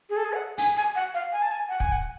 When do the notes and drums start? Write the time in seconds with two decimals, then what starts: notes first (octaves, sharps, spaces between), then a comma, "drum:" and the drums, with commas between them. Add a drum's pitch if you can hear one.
0.10 G#4
0.17 A4
0.25 G#4
0.33 F#5
0.58 G#5, drum: open hi-hat
0.77 G#5
0.95 F#5
1.14 F5
1.32 G#5
1.42 A5
1.51 G#5
1.69 F#5
1.80 G#5, drum: kick
1.92 F#5